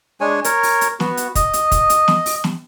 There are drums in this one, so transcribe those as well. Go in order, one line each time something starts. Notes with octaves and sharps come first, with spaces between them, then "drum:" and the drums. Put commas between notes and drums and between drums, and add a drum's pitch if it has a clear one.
G#3 D4 C#5 G#5
A#4 C#5, drum: hi-hat
drum: open hi-hat
drum: hi-hat
B3 F#4, drum: snare
drum: hi-hat
D#5, drum: kick, hi-hat
drum: hi-hat
drum: kick, hi-hat
drum: hi-hat
drum: snare
drum: open hi-hat
drum: snare